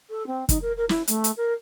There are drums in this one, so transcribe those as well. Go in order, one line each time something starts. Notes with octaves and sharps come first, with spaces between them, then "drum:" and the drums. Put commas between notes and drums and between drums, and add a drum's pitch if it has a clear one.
A4
C4
D#4, drum: kick, hi-hat
A#4
A#4
E4, drum: snare
A3, drum: hi-hat
drum: hi-hat
A#4